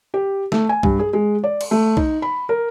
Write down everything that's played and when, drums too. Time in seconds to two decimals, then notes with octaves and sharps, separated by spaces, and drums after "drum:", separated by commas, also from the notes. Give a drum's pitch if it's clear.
0.14 G4
0.52 A3, drum: snare
0.69 G#5
0.83 G2, drum: kick B1
0.99 G#4
1.13 G#3
1.44 D5
1.61 drum: cymbal
1.71 A3
1.97 D#4, drum: kick B1
2.22 B5
2.49 A#4